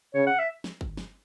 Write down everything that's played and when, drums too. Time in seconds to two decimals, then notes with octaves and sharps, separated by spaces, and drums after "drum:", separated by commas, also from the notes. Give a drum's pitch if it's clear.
0.14 C#3 C#5
0.27 F#5
0.39 E5
0.64 drum: snare
0.81 drum: kick
0.97 drum: snare